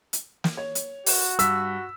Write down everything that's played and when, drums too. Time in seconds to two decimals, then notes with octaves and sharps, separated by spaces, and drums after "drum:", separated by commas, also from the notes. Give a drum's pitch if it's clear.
0.13 drum: hi-hat
0.44 drum: snare
0.57 C#5
0.75 drum: hi-hat
1.06 F#4, drum: open hi-hat
1.39 G2 E6 B6, drum: hi-hat